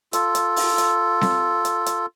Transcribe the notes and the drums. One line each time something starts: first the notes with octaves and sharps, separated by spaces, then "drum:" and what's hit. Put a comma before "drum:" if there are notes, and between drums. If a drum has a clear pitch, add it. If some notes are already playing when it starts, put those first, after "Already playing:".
F4 A4, drum: hi-hat
drum: hi-hat
drum: open hi-hat
drum: hi-hat
drum: snare C4
drum: hi-hat
drum: hi-hat